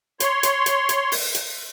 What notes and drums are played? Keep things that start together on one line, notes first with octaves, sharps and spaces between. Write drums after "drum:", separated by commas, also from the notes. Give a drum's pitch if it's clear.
C#5 C6, drum: hi-hat
drum: hi-hat
drum: hi-hat
drum: hi-hat
drum: open hi-hat
drum: hi-hat